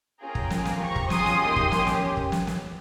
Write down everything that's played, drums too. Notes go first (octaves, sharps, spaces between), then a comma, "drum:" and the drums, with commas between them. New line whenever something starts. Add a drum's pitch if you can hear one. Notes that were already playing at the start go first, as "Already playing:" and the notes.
A#3 C#4 F4 G#4 G5 A#5
drum: kick
A#3 F4 G#4, drum: snare
drum: snare
C4 G4 A#5 C#6
drum: kick
C#4 F4 G#4 C6 D#6, drum: snare
drum: snare
A#3 D#4 G4 C6 D#6
drum: kick
A#3 C#4 G4, drum: snare
drum: snare
drum: kick
drum: snare
drum: snare